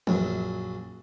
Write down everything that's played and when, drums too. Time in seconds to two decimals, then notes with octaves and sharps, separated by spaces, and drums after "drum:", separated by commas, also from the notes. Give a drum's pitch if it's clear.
0.07 A#1 F#2, drum: tom